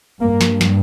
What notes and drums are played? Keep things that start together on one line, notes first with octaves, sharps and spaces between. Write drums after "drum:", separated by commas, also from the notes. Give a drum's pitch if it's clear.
G2 A#3
drum: snare
drum: snare